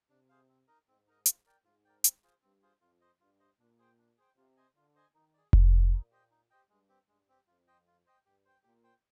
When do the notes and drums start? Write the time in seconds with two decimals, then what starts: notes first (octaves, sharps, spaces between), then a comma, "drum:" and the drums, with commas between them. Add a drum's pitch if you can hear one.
0.10 C3 D4
0.29 G#4 C5 F5
0.48 C4
0.67 D#4 A#4 D#5
0.88 G#2 C4
1.07 D#4 A#4 D#5
1.26 F4, drum: hi-hat
1.46 A#4 D5 G5
1.64 G#2 F4
1.85 A#4 D5 G5
2.04 C4, drum: hi-hat
2.23 F4 G#4 C5
2.42 G2 C4
2.62 F4 G#4 C5
2.81 F2 F4
3.01 C5 D#5
3.20 G2 F4
3.40 C5 D#5
3.59 A#2 D4
3.79 G#4 C5 G5
3.98 D4
4.18 G#4 C5 G5
4.36 C3 F4
4.57 C5 D#5 G#5
4.75 D3 F4
4.95 C5 D#5 G#5
5.14 D#3 D#4
5.34 G#4 D5
5.53 C3 D#4, drum: kick F1
5.73 G#4 D5
5.92 A#2 D#4
6.11 G4 C5 D#5 G5
6.31 D#4
6.50 G4 C5 D#5 G5
6.69 G2 G#3
6.89 C4 G4
7.08 G2 G#3
7.28 C4 G4
7.47 F2 F4
7.67 C5 D#5 G5
7.87 F4
8.06 C5 D#5 G5
8.26 G2 G4
8.45 C5 G5
8.64 A#2 G4
8.83 C5 G5